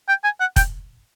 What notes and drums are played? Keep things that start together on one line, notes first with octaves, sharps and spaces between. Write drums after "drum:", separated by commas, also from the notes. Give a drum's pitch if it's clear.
G5
G#5
F#5
G5, drum: kick, hi-hat